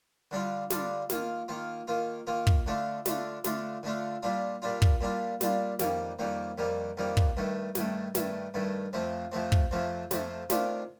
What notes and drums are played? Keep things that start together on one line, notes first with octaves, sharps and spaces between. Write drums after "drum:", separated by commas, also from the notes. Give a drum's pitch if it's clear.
D3 G3 D4 F4
D3 G3 D4 F4, drum: snare
D#3 A#3 F4, drum: snare
D#3 A#3 F4
D#3 A#3 F4
D#3 A#3 F4
drum: kick
D3 A3 D4 F4
D3 A3 D4 F4, drum: snare
D3 A3 D4 F4, drum: snare
D3 A3 D4 F4
A#2 G3 D4 F4
A#2 G3 D4 F4
drum: kick
A#2 G3 D4 F4
A#2 G3 D4 F4, drum: snare
F2 D#3 G3 A#3, drum: snare
F2 D#3 G3 A#3
F2 D#3 G3 A#3
F2 D#3 G3 A#3
drum: kick
G2 D#3 A3
G2 D#3 A3, drum: snare
G2 D#3 A3, drum: snare
G2 D#3 A3
F2 C3 F3 A3 C4
F2 C3 F3 A3 C4
drum: kick
F2 C3 F3 A3 C4
F2 C3 F3 A3 C4, drum: snare
C3 D#3 A3 D4 F4, drum: snare